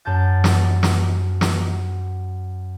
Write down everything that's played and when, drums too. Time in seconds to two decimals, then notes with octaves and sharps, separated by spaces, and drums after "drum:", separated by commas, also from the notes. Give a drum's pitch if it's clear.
0.05 F#2 A5 G6 A6
0.44 drum: snare
0.83 drum: snare
1.41 drum: snare